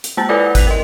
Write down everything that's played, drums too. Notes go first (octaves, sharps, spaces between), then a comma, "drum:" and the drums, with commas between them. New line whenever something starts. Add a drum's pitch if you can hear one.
drum: hi-hat
G#3 A#3 C5 A#5 A6
E4 F4 A4 B4 D5 D6
F#6 B6 F7, drum: kick G#1, hi-hat
A#4 D#5